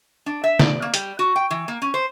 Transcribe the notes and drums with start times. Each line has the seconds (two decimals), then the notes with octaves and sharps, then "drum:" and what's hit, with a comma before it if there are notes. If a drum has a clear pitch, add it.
0.26 D4
0.44 E5
0.59 D5, drum: snare
0.82 A#3
0.94 G3, drum: hi-hat
1.19 F#4
1.36 G5
1.51 E3
1.68 A#3
1.82 C#4
1.94 C5